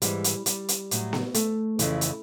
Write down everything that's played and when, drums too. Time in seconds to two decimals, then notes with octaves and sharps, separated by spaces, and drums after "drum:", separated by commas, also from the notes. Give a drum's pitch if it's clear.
0.02 G#2 E3 G3, drum: hi-hat
0.24 drum: hi-hat
0.46 G3, drum: hi-hat
0.69 drum: hi-hat
0.91 A2 F#3, drum: hi-hat
1.13 drum: snare B3
1.34 A3, drum: hi-hat
1.79 F2 C#3 E3, drum: hi-hat
2.01 drum: hi-hat